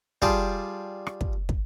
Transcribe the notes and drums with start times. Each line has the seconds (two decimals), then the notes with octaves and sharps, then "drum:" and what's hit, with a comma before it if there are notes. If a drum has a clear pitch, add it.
0.22 G3 F4 G#4 G5 A5 C6, drum: kick
1.07 drum: rim click
1.21 drum: kick
1.49 drum: kick